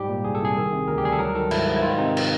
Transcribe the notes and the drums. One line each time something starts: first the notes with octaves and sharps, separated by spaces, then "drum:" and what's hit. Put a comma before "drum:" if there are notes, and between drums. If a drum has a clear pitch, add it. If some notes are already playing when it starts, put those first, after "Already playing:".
Already playing: G#2 G3 G4
A#2
C2 G#4
A4
C2 G#4
D#3
C3
D2 A#4
G4
G3 G#4
A4
F#3 A#4
D#3 A4
G#2 E4, drum: cymbal
G#2
E4
D#3 F4
C3 D#4
drum: cymbal